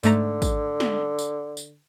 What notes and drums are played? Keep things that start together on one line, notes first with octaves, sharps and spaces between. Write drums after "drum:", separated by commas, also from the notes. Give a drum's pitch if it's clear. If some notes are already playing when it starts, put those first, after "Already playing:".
G#2 D3 A3 A#5, drum: tambourine
drum: kick, tambourine
drum: snare
drum: tambourine
drum: tambourine